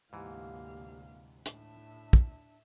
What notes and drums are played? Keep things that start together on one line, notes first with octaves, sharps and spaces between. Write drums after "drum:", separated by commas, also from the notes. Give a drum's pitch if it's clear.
D2 G#2 C3 E3 A#3 G4 F5
A2 D4 E5, drum: hi-hat
drum: kick